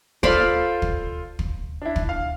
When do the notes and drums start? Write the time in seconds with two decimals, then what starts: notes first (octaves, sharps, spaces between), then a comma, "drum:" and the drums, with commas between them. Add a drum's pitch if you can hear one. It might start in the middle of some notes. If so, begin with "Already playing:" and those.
0.23 F4 A4 C5 D5 F5 B5, drum: kick
0.82 drum: kick
1.39 drum: kick
1.82 D4 E4
1.96 drum: kick
2.09 F5